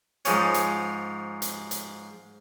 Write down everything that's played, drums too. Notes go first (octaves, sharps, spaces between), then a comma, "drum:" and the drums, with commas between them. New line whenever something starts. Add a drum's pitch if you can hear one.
G#2 F3 C#4, drum: hi-hat
drum: hi-hat
drum: hi-hat
drum: hi-hat